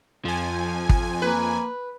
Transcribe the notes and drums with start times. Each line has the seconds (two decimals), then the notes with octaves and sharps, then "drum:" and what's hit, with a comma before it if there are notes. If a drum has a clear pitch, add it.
0.25 F2 F3 G#5
0.89 drum: kick
1.22 A#3 B4